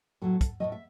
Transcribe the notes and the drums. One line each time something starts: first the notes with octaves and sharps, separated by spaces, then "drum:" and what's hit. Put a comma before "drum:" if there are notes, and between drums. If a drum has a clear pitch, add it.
A2 F#3 A3 A4
drum: kick, hi-hat
A2 F#3 A3 D#5
E5